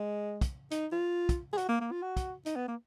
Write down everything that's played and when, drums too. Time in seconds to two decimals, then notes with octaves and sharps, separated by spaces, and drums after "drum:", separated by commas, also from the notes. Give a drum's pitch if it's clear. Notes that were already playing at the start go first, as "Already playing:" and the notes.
Already playing: G#3
0.41 drum: kick, hi-hat
0.71 D#4, drum: hi-hat
0.92 F4
1.29 drum: kick, hi-hat
1.53 G#4
1.58 F#4, drum: hi-hat
1.69 A#3
1.81 A#3
1.92 F4
2.02 F#4
2.17 drum: kick, hi-hat
2.46 D#4, drum: hi-hat
2.56 B3
2.68 A#3